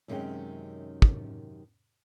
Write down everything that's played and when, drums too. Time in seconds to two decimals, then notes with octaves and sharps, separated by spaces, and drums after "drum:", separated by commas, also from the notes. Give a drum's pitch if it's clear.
0.08 F#2 C3 D#3 G#3 C#4 G5
1.02 drum: kick